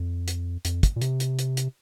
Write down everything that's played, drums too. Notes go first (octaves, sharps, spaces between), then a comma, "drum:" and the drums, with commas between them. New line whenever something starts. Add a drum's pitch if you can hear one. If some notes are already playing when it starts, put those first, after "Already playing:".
Already playing: F2
drum: hi-hat
F2, drum: hi-hat
drum: kick, hi-hat
A#2
C3, drum: hi-hat
drum: hi-hat
drum: hi-hat
drum: hi-hat